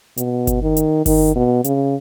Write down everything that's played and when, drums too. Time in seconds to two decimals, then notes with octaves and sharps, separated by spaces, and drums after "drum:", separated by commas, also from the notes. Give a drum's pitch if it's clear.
0.17 B2, drum: hi-hat
0.47 drum: kick G1, hi-hat
0.62 D#3
0.77 drum: hi-hat
1.06 D#3, drum: kick G1, open hi-hat
1.36 B2
1.64 C#3, drum: hi-hat